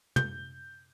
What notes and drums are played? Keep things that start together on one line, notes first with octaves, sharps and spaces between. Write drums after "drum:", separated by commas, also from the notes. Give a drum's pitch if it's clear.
G6, drum: tom